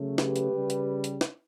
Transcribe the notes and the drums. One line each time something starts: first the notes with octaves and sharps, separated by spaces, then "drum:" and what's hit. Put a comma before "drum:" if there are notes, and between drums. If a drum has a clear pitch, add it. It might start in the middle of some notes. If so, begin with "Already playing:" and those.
Already playing: C#3 F#3 A3
G4 B4, drum: snare
drum: hi-hat
C#3 G3
drum: hi-hat
drum: hi-hat
drum: snare